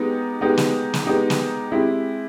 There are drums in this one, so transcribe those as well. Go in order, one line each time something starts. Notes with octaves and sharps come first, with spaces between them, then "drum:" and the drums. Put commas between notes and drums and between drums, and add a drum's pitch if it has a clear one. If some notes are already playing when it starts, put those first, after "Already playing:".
Already playing: G#3 B3 D#4 G4
G#3 B3 D#4 G4
drum: snare
drum: snare
G#3 B3 D#4 G4
drum: snare
G#3 C4 E4 G4